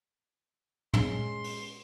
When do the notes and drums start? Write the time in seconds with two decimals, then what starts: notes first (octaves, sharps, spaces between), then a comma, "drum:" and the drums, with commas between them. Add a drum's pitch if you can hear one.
0.94 G#3 C#4 C6, drum: tom
1.44 drum: open hi-hat